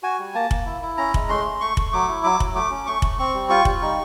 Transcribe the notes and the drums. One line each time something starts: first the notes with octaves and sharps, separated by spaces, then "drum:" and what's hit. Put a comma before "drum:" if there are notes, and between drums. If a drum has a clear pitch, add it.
F#4 G#5
G3
A#3 A5
A#3, drum: kick F1
E4
E4
C#4 A#5
G#3, drum: kick F1
A3 C6
A3
A3 C#6
A3, drum: kick F1
F#3 D6
E4
F#3 D6
F#3, drum: kick F1
A3 D6
C#4
A3 C#6
A3, drum: kick F1
C4 C#6
G3
F4 C#6
G3, drum: kick F1
D#4